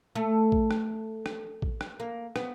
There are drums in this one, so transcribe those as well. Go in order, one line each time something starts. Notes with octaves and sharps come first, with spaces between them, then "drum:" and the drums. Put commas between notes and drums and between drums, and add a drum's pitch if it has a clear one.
A3
drum: kick
drum: rim click
drum: rim click
drum: kick
drum: rim click
A#3
B3, drum: rim click